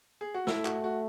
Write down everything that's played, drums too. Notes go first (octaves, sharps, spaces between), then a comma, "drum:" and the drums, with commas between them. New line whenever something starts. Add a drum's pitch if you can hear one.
G#4
F#4
A3 E4, drum: snare
F#4, drum: clap
F#4